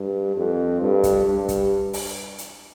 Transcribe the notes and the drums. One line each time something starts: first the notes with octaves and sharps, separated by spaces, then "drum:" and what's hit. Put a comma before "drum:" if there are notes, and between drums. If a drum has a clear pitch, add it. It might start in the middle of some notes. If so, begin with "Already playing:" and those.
Already playing: G2
F2
G2
drum: kick, hi-hat
G2
drum: kick, hi-hat
drum: open hi-hat
drum: hi-hat